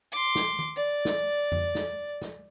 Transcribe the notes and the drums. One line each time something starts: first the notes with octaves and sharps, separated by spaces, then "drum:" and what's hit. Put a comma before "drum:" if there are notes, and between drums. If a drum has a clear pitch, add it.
C6 D6
drum: snare
drum: tom D#3
D5
drum: snare
drum: tom F2
drum: snare
drum: snare